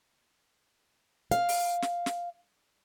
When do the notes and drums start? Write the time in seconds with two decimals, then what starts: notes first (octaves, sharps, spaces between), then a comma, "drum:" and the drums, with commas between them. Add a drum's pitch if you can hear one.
1.31 F5, drum: hi-hat
1.49 drum: open hi-hat
1.82 drum: snare
2.06 drum: snare